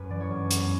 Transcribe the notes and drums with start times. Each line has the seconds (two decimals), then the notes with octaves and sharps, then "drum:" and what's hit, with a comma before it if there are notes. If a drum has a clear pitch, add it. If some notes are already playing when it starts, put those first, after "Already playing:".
Already playing: F#2 B4
0.10 E3 D5
0.20 C#5
0.30 F#2
0.51 B3, drum: hi-hat